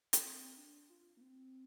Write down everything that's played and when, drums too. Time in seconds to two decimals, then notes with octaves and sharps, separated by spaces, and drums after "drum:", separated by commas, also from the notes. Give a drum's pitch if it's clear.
0.13 drum: hi-hat
0.25 C4
0.57 D4
0.90 F4
1.17 A#3
1.21 C4